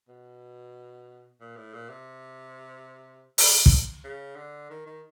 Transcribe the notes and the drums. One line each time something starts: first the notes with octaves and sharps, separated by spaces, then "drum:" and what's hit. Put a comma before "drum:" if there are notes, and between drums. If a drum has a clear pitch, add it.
B2
A#2
A2
A#2
C3
C3, drum: open hi-hat
drum: kick
C#3
D3
D#3
D#3